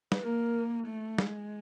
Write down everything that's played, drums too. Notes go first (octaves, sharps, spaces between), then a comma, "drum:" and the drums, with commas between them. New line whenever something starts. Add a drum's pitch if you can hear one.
B4, drum: snare
A#3 A#4
A3
G#3, drum: snare